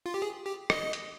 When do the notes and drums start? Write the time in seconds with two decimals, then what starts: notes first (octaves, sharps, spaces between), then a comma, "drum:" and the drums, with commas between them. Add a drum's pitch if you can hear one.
0.06 F4
0.14 G4
0.22 G#4
0.46 G4
0.70 D#5, drum: rim click
0.93 drum: hi-hat